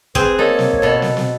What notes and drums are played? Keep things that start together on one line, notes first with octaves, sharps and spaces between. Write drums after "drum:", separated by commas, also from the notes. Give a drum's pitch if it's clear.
C4 G#4 B4, drum: kick
A#3 D#4 A4 C#5
drum: snare
drum: kick
B2 A4
drum: snare
drum: snare